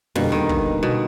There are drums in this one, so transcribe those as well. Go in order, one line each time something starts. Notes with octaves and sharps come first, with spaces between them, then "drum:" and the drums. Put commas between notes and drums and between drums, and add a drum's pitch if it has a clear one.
B2 D3 G3 A#3, drum: tom
D#3
drum: kick
B2